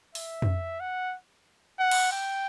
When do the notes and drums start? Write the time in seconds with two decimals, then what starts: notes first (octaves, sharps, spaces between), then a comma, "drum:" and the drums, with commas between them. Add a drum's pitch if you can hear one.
0.15 E5, drum: open hi-hat
0.42 drum: tom F2
0.80 F#5
1.79 F#5
1.91 drum: cymbal
2.12 G5